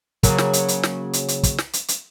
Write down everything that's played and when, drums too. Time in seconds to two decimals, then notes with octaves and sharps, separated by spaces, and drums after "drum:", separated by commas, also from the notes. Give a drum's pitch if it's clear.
0.23 C#3 F#3 A#3, drum: kick, hi-hat
0.38 drum: snare
0.53 drum: hi-hat
0.68 drum: hi-hat
0.83 drum: snare
1.13 drum: hi-hat
1.28 drum: hi-hat
1.43 drum: kick, hi-hat
1.58 drum: snare
1.73 drum: hi-hat
1.88 drum: hi-hat